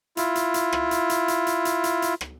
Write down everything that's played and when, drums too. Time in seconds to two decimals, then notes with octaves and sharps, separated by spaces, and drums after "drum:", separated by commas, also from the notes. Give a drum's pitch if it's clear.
0.17 E4 F4, drum: hi-hat
0.35 drum: hi-hat
0.54 drum: hi-hat
0.73 drum: rim click
0.91 drum: hi-hat
1.10 drum: hi-hat
1.28 drum: hi-hat
1.47 drum: hi-hat
1.65 drum: hi-hat
1.84 drum: hi-hat
2.02 drum: hi-hat
2.21 drum: rim click